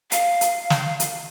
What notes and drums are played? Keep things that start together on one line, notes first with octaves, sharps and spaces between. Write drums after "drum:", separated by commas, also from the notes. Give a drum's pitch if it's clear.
F5, drum: hi-hat
drum: hi-hat
drum: snare
drum: hi-hat